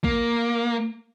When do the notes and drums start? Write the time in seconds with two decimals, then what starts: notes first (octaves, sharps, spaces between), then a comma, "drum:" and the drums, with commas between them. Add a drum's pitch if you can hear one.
0.04 A#3, drum: kick